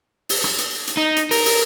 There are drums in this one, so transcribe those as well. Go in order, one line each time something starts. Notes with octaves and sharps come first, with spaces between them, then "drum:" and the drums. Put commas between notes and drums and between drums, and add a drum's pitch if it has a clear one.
drum: open hi-hat
drum: rim click
drum: hi-hat
drum: hi-hat
D#4
drum: hi-hat
A#4, drum: open hi-hat
drum: open hi-hat